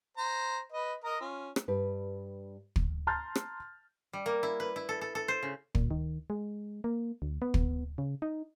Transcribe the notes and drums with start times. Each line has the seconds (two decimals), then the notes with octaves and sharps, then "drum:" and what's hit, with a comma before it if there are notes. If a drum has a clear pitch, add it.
0.17 C5 A#5
0.72 B4 D#5
1.04 A#4 D#5 A#5
1.20 C#4 F4
1.56 drum: rim click
1.68 G2 G3 B4
2.76 drum: kick
3.07 A5 A#5 C6 F6 G6 A6
3.35 drum: rim click
4.13 G3
4.26 A#3
4.43 E4
4.60 B4
4.76 E4
4.89 A4
5.01 A4
5.15 A4
5.28 C5
5.43 C#3
5.75 A#2, drum: kick
5.91 D#3
6.30 G#3
6.84 A#3
7.22 D2
7.42 B3
7.54 drum: kick
7.98 C#3
8.22 D#4